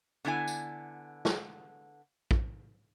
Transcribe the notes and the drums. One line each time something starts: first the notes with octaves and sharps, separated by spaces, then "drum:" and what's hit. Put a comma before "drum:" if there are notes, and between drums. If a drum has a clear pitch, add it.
D3 B3 E4 G#5
drum: tambourine
drum: snare
drum: kick